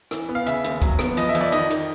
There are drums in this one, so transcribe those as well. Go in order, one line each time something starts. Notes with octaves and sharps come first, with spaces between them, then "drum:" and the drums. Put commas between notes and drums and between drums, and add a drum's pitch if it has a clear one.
E3, drum: rim click
B3
F5
C#3 E5, drum: hi-hat
D#2, drum: hi-hat
F#3, drum: kick, hi-hat
B3, drum: rim click
F3 D#5, drum: hi-hat
E5
F2, drum: hi-hat
D5
D#3 D#5, drum: hi-hat
D#3, drum: hi-hat